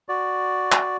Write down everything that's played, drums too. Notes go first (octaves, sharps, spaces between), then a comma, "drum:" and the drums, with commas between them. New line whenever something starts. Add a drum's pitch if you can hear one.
F#4 D5
drum: clap